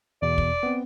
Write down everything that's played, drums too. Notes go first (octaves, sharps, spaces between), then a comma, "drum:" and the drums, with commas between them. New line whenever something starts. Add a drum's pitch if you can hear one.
E2 B2 D5
drum: kick
B3 C4